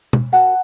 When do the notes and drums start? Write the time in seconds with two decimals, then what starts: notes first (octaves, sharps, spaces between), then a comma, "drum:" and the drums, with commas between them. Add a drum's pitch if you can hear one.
0.13 drum: tom
0.32 F#4 A#4 F#5 A5